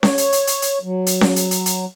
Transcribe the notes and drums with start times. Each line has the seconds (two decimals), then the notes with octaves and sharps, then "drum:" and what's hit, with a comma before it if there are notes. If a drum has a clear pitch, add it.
0.03 C#5, drum: snare C#4
0.18 drum: hi-hat
0.32 drum: hi-hat
0.47 drum: hi-hat
0.62 drum: hi-hat
0.83 F#3
1.06 drum: hi-hat
1.21 drum: snare C#4
1.36 drum: hi-hat
1.51 drum: hi-hat
1.66 drum: hi-hat